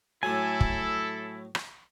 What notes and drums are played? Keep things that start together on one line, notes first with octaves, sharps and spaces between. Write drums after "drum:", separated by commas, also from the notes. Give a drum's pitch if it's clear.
A2 F#3 E4 A4 G#5
drum: kick
drum: rim click